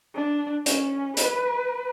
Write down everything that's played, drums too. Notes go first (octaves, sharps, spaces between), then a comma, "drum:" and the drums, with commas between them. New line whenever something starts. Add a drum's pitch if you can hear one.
D4
C#4, drum: hi-hat
B4, drum: hi-hat